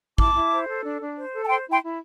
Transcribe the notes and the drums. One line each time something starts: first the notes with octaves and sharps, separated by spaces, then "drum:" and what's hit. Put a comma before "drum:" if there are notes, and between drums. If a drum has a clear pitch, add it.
E4 A5 D6, drum: kick
E4
C5
A4
D4
D4
C5
A4
A5
C5 G5 C6
E4
G5 C6
E4